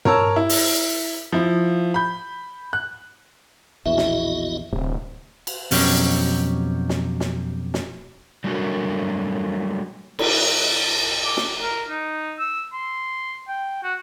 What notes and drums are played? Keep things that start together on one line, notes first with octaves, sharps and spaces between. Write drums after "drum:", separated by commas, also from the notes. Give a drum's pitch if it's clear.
A#4 C#5 A5 E6, drum: tom
E4
drum: open hi-hat
F3 E4
B5 G6
F#6
A#1 E2 B2 E4 F#4 D#5 E5
drum: snare
D1 C3
drum: cymbal
F2 B2 F#3 C#4 G4, drum: open hi-hat
drum: snare
drum: snare
drum: snare
F#3 G3 A3 A#3 D4 F#4
drum: cymbal
D6
drum: snare
A#4
D#4
E6
C6
G5
F#4